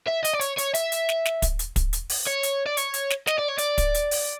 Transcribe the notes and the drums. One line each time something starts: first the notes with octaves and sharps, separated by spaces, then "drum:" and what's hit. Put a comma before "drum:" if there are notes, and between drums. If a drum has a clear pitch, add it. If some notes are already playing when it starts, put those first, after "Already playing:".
E5
D#5, drum: hi-hat
D5
C#5, drum: hi-hat
C#5, drum: hi-hat
E5, drum: hi-hat
drum: hi-hat
drum: snare
drum: snare
drum: kick, hi-hat
drum: hi-hat
drum: kick, hi-hat
drum: hi-hat
drum: open hi-hat
C#5
drum: hi-hat
D5
C#5, drum: hi-hat
drum: hi-hat
drum: snare
D#5, drum: snare
D5
C#5
D5, drum: hi-hat
drum: kick, hi-hat
drum: hi-hat
drum: open hi-hat